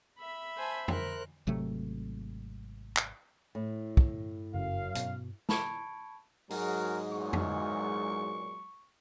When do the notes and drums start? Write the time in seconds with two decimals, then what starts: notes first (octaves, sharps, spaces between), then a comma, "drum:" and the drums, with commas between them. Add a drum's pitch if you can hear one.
0.19 E5 B5
0.57 C5 G#5 A5
0.88 A#4 C5 F#6, drum: tom F2
1.47 G#1 C3 F#3 A3
2.96 drum: clap
3.55 A2
3.97 G2, drum: kick
4.54 F#1 F#2 F5
4.95 B2, drum: hi-hat
5.49 A5 B5 C#6 G#6 C#7 D7, drum: snare
6.50 G#2 F#3 G#3 F#4 G#4 A#4, drum: open hi-hat
7.11 E2 A#2 C#6
7.33 drum: tom F2